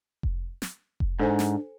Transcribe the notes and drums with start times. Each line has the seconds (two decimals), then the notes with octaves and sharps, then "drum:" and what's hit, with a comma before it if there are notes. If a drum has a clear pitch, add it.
0.23 drum: kick F1
0.62 drum: snare
1.00 drum: kick F1
1.19 G#2 D4 A4 C5 G#5
1.39 drum: snare